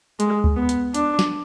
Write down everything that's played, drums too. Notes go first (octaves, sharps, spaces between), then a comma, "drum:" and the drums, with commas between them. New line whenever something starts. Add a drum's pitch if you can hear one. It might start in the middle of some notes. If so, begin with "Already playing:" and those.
G#3, drum: hi-hat
drum: kick D2
B3
drum: hi-hat
D4, drum: hi-hat
drum: snare